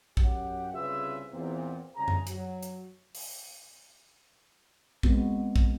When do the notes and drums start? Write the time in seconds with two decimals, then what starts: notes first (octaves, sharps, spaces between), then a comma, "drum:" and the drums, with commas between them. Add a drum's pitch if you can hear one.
0.17 F#2 G4 F#5, drum: kick
0.73 C2 C#3 F4 G#4 B4 E5
1.31 E2 A#2 C4
1.96 C2 C#3 G#4 A#5
2.08 drum: tom F#2
2.27 F#3, drum: hi-hat
2.63 drum: hi-hat
3.15 drum: open hi-hat
5.03 G#3 B3 C4 F#4, drum: kick
5.56 drum: kick